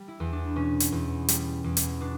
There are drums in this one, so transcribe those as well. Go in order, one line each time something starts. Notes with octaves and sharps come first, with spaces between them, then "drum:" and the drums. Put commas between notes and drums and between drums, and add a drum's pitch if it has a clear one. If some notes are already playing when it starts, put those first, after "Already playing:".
Already playing: G3
E4
E2
D4
B2 C#4
drum: hi-hat
E2
G3, drum: hi-hat
E2
drum: hi-hat
B2 D4